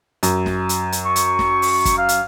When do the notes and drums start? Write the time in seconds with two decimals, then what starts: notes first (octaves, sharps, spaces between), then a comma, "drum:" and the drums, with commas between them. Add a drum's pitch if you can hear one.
0.23 F#2, drum: hi-hat
0.46 drum: snare
0.69 drum: hi-hat
0.92 drum: hi-hat
1.06 C#6
1.16 drum: hi-hat
1.39 drum: snare
1.62 drum: open hi-hat
1.85 drum: kick, hi-hat
1.98 F5
2.09 drum: hi-hat